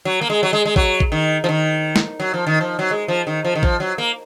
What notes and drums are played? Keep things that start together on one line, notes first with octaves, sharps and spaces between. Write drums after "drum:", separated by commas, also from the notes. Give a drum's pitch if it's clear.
F#3
A#3
G#3
F#3
G#3
G#3
F#3, drum: kick A1
drum: kick A1
D#3
F3
D#3
drum: snare
F#3
F3
D#3
F3
F#3
G#3
F3
D#3
F3
D#3
F3, drum: kick A1
F#3
A#3